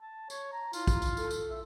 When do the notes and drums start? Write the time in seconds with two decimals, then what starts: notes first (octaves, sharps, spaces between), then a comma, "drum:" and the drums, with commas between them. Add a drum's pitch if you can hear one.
0.01 A5
0.30 C#5, drum: tambourine
0.53 A#5
0.73 E4 F4, drum: tambourine
0.87 drum: kick, tambourine
1.02 drum: tambourine
1.17 A4, drum: tambourine
1.31 drum: tambourine
1.50 E5